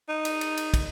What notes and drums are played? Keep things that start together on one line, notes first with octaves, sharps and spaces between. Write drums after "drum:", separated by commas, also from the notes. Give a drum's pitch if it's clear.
D#4
drum: cymbal
drum: cymbal
drum: cymbal
drum: kick, cymbal